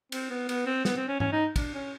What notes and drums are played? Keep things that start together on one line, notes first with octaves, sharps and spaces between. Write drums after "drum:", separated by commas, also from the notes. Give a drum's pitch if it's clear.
C4, drum: cymbal
B3
B3, drum: cymbal
C4
B3, drum: snare
C4
C#4
C#4, drum: tom G#2
D#4
D4, drum: kick, cymbal
C#4